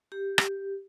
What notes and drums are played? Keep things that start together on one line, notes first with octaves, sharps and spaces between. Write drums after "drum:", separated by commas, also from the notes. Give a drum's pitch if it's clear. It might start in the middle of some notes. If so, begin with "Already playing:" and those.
G4
drum: rim click